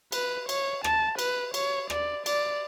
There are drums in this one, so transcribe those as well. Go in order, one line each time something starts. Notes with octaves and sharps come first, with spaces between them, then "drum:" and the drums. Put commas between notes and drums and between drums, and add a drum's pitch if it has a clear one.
B4, drum: cymbal
C#5, drum: cymbal
A5, drum: rim click
B4, drum: cymbal
C#5, drum: cymbal
D5, drum: rim click
D5, drum: cymbal